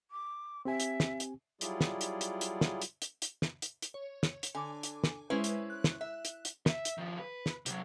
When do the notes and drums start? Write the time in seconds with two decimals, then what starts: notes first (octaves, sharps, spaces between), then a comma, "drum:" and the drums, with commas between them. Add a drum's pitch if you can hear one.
0.10 D6
0.65 C4 G4 E5 G#5
0.80 drum: hi-hat
1.00 drum: snare
1.20 drum: hi-hat
1.61 F#3 G3 E4 F4 G#4 D5, drum: hi-hat
1.81 drum: snare
2.01 drum: hi-hat
2.21 drum: hi-hat
2.41 drum: hi-hat
2.61 drum: snare
2.82 drum: hi-hat
3.02 drum: hi-hat
3.22 drum: hi-hat
3.42 drum: snare
3.62 drum: hi-hat
3.82 drum: hi-hat
3.94 C#5
4.23 drum: snare
4.43 drum: hi-hat
4.55 D3 G#5 D6
4.83 drum: hi-hat
5.04 drum: snare
5.30 G#3 C#4 E4 B4 C5
5.44 drum: hi-hat
5.70 F#6
5.84 drum: snare
6.01 E5
6.25 drum: hi-hat
6.45 drum: hi-hat
6.66 E5, drum: snare
6.85 drum: hi-hat
6.98 D#3 F3
7.19 B4
7.46 drum: snare
7.66 C3 F#3, drum: hi-hat